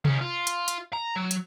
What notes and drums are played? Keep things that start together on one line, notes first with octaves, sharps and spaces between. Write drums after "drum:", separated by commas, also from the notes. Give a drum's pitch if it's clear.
D#3 C#4, drum: tom C3
F4
drum: hi-hat
drum: hi-hat
A#5
F#3
drum: hi-hat